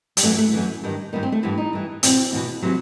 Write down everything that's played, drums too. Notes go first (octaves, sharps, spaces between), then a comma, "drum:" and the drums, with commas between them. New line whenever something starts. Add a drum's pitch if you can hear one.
G3, drum: hi-hat
F#2 E3 A3
A3
F#2 E3
G2 D#3
G2 D#3 B3
C4
A3
G2 E3 B3
D#4
G2 E3
E2 B2 C4, drum: hi-hat
E2 B2
C3 E3 F#3